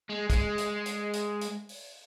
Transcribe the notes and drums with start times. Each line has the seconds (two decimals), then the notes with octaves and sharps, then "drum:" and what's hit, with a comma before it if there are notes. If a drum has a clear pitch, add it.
0.10 G#3
0.30 G#3, drum: kick, hi-hat
0.58 drum: hi-hat
0.86 drum: hi-hat
1.13 drum: hi-hat
1.41 drum: hi-hat
1.69 drum: open hi-hat